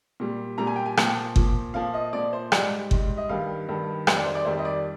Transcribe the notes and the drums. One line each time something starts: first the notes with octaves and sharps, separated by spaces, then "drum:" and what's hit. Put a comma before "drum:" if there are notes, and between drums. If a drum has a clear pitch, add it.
A#2 G3
A#2 G3 A#5
G#5
G5
G#5
A#2 F3 G5, drum: rim click
A#2 F3, drum: kick G1
A#2 F3 F5
D#5
A#2 F3 D5
C5
G#2 G3 D5, drum: rim click
G#2 G3, drum: kick G1
D#5
G2 D#3 G3 F5
G2 D#3 G3
F2 D#3 G3 C5, drum: rim click
D5
C5
D5
F2 D#3 G3 C5
D#5
D5